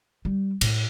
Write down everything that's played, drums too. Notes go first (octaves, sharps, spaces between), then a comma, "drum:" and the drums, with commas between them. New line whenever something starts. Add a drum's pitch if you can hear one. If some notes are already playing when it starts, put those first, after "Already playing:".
G3
A2, drum: cymbal